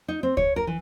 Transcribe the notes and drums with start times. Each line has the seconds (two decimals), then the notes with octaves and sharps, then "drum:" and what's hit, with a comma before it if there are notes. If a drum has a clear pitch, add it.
0.08 D#4
0.23 C4
0.37 C#5, drum: kick
0.56 A#4
0.67 E3